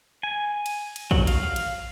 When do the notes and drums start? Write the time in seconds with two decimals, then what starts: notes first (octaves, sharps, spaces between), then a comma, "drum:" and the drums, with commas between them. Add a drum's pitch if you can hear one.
0.23 G#5
0.66 drum: cymbal
0.96 drum: cymbal
1.11 F#3, drum: kick
1.27 F5, drum: cymbal
1.56 drum: cymbal